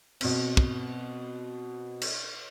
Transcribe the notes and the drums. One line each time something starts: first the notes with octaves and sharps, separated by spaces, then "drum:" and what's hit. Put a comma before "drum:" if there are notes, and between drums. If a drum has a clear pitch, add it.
B2 C4, drum: cymbal
drum: kick
drum: cymbal